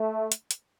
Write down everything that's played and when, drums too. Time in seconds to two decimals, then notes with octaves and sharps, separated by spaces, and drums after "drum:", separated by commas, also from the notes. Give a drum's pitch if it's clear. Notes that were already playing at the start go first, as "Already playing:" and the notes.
Already playing: A3
0.32 drum: hi-hat
0.51 drum: hi-hat